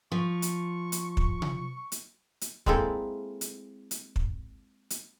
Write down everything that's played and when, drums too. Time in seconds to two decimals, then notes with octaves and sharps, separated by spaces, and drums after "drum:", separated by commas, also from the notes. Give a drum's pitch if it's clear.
0.12 F3 C#6
0.42 drum: hi-hat
0.92 drum: hi-hat
1.17 drum: kick
1.42 drum: tom C3
1.92 drum: hi-hat
2.41 drum: hi-hat
2.66 G#3 A#3 C4 E4 A4, drum: kick
3.41 drum: hi-hat
3.91 drum: hi-hat
4.16 drum: kick
4.90 drum: hi-hat